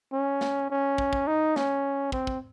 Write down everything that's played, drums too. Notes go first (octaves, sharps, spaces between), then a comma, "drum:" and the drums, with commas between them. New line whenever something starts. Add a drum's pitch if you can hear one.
C#4
drum: snare
C#4
drum: kick
drum: kick
D#4
C#4, drum: snare
C4, drum: kick
drum: kick